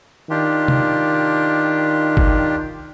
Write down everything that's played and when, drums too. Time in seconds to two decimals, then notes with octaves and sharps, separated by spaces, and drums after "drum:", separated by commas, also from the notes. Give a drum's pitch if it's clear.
0.30 D#3 D4 F4 G4
0.68 drum: tom C3
2.17 drum: kick G1